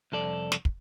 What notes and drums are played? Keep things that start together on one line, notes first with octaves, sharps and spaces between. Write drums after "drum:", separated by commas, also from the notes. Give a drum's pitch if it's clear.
C2 F2 A4 D5
drum: snare
drum: kick